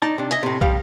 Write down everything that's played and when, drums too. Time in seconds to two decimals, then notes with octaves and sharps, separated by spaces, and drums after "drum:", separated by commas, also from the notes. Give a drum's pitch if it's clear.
0.02 D#4 D5 A5
0.18 C3 D4
0.31 D#5 E5 G#5, drum: hi-hat
0.43 A2 C3
0.61 F2 F3 G3 G4 F5, drum: kick